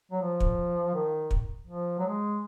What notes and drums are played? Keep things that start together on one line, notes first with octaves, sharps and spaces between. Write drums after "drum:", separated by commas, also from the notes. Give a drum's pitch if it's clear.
F#3
F3
drum: kick
D#3
drum: kick
F3
F#3
G#3